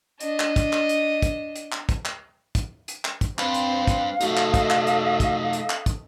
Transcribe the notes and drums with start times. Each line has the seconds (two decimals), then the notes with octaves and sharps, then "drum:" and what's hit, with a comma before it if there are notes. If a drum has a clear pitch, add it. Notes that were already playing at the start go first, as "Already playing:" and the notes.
0.20 D4 D#5, drum: hi-hat
0.40 drum: clap
0.56 drum: kick, hi-hat
0.73 drum: clap
0.89 drum: hi-hat
1.22 drum: kick, hi-hat
1.56 drum: hi-hat
1.72 drum: clap
1.89 drum: kick, hi-hat
2.05 drum: clap
2.55 drum: kick, hi-hat
2.88 drum: hi-hat
3.05 drum: clap
3.21 drum: kick, hi-hat
3.39 C4 D4 B4 C5 F5, drum: clap
3.54 drum: hi-hat
3.87 drum: kick, hi-hat
4.21 A3 D#4 F#4 A4 D#5 E5, drum: hi-hat
4.37 drum: clap
4.54 drum: kick, hi-hat
4.70 drum: clap
4.87 drum: hi-hat
5.20 drum: kick, hi-hat
5.53 drum: hi-hat
5.70 drum: clap
5.86 drum: kick, hi-hat